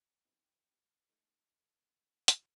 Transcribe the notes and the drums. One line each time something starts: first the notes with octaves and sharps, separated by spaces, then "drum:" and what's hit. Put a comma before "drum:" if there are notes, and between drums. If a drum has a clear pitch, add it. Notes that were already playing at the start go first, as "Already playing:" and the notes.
F3 B3 C4 D#4 E4 G4
G#3 A3 D#4 G#4 A#4
drum: hi-hat